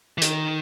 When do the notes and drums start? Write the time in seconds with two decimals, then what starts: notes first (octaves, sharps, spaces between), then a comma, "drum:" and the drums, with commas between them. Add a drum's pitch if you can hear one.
0.18 E3
0.22 D#3, drum: hi-hat